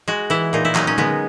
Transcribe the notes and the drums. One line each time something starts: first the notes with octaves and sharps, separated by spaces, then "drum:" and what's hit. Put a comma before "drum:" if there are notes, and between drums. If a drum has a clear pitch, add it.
G#3 F#4
E3 E4
A#2 D#4
E4
F#3 D#4, drum: clap
C#4
G#3 B3, drum: tom